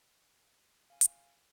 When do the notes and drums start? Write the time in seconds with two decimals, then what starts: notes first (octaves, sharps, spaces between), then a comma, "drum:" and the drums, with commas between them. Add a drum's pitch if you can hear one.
0.90 F5 G#5
1.01 drum: hi-hat